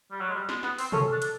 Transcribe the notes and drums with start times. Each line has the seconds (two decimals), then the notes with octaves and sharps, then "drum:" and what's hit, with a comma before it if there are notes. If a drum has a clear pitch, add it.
0.11 G3
0.20 F#3
0.29 G#3
0.35 G3
0.49 G#3, drum: snare
0.63 B3, drum: snare
0.78 C4, drum: open hi-hat
0.92 C#4 A4, drum: tom
1.12 D4
1.22 drum: hi-hat